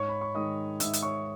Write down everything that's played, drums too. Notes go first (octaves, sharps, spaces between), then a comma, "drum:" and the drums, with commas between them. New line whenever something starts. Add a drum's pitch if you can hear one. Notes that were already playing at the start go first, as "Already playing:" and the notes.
Already playing: G#2 C#5 C#6
B5
C#6
D#3 G#3 D#5 D#6
G#2 E5 E6, drum: hi-hat
drum: hi-hat
C#5 C#6